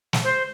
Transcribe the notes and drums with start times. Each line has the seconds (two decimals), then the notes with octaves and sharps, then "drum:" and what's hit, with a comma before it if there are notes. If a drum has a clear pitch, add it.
0.13 drum: snare
0.24 C5